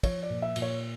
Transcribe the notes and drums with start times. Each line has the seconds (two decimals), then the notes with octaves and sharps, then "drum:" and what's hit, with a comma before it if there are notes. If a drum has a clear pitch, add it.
0.03 F3 C#5, drum: kick, cymbal
0.23 D5
0.30 A#2
0.42 E5
0.56 A#2, drum: cymbal
0.62 C#5